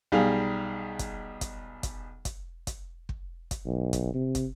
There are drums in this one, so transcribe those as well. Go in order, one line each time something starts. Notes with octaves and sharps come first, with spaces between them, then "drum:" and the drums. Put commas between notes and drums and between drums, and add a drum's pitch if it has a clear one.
B1 G3 D#4 G#4 F5
drum: kick, hi-hat
drum: kick, hi-hat
drum: kick, hi-hat
drum: kick, hi-hat
drum: kick, hi-hat
drum: kick
drum: kick, hi-hat
B1
drum: kick, hi-hat
C3
drum: kick, hi-hat